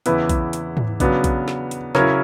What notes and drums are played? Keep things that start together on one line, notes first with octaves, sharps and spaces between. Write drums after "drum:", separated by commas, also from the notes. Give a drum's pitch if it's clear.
E2 C#3 E3 B3 E4 B4, drum: hi-hat
drum: kick A#1, hi-hat
drum: hi-hat
drum: tom G#2
C#3 F#3 B3 D4, drum: kick A#1, hi-hat
drum: kick A#1, hi-hat
drum: snare
drum: hi-hat
C#3 F#3 C#4 E4 A#4 C#5, drum: snare